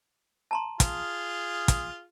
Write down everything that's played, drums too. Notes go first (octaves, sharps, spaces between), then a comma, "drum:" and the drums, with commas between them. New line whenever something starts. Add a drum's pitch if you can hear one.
A5 A#5 C6
F4 G#4, drum: kick, hi-hat
drum: kick, hi-hat